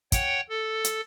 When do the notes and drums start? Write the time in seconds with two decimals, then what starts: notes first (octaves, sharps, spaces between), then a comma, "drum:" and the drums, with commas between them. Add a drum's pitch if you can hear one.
0.12 C#5 F#5 G5, drum: kick, hi-hat
0.49 A4
0.85 drum: hi-hat